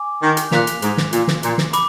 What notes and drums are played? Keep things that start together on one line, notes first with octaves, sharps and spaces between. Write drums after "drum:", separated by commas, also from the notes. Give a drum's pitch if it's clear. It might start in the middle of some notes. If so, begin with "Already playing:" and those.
Already playing: G#5 D6
D#3
drum: hi-hat
A#2 F#6 B6 F7, drum: snare
drum: hi-hat
G#2, drum: hi-hat
drum: snare
A#2, drum: hi-hat
drum: snare
A#2, drum: hi-hat
drum: snare
B5 D6, drum: hi-hat